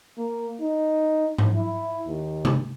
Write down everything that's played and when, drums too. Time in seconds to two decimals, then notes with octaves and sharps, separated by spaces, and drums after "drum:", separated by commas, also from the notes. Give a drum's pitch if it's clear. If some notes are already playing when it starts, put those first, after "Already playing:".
0.18 A#3
0.61 D#4
1.38 drum: tom G#2
1.56 E4
2.08 D#2
2.45 drum: tom C3